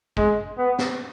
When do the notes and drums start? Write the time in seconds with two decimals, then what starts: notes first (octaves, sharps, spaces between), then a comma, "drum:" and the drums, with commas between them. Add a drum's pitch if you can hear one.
0.17 G#3, drum: kick
0.58 B3
0.79 drum: snare